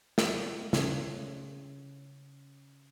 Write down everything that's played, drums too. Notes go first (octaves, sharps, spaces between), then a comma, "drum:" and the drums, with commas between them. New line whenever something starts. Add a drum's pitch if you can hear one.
drum: snare
C#3 C#4, drum: snare